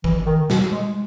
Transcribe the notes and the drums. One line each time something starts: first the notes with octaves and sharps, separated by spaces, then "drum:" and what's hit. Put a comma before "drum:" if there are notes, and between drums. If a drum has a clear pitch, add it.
E3, drum: kick
D#3
B2, drum: snare
G#3